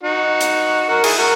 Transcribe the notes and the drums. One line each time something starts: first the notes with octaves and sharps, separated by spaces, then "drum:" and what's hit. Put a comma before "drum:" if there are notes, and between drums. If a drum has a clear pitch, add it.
D#4 F#4
drum: hi-hat
F#4 A#4
E4 G#4, drum: cymbal
F#4 A#4